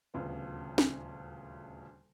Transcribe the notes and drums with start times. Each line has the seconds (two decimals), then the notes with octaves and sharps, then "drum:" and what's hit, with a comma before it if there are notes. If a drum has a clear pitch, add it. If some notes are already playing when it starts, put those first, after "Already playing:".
0.14 D#1 D2 C#3 F3 B3
0.78 drum: snare